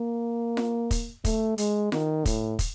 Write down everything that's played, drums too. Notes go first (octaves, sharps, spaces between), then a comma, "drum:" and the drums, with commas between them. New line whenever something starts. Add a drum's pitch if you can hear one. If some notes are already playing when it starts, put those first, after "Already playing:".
Already playing: A#3
drum: snare F4
drum: kick, hi-hat
A3, drum: kick, hi-hat
G#3, drum: hi-hat
D#3, drum: snare F4
A2, drum: kick, hi-hat
drum: kick, hi-hat